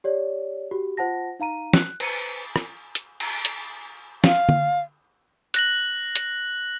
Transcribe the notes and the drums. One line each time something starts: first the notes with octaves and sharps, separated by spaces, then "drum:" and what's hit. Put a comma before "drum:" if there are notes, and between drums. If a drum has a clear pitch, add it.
G4 C#5 D5
F#4 G4
F4 C5 F#5 A5 A#6
D#4 F5 A#5 D#7
F#6, drum: snare
B4 C5 C#7 D#7, drum: cymbal
drum: rim click
drum: hi-hat
drum: cymbal
drum: hi-hat
F5, drum: snare
drum: tom
F#6 A#6 F#7, drum: hi-hat
drum: hi-hat